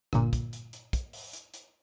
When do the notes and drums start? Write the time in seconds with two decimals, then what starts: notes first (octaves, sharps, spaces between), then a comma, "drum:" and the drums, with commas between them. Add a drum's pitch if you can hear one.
0.13 G1 A#2, drum: rim click
0.33 drum: kick, hi-hat
0.53 drum: hi-hat
0.73 drum: hi-hat
0.93 drum: kick, hi-hat
1.13 drum: open hi-hat
1.33 drum: hi-hat
1.54 drum: hi-hat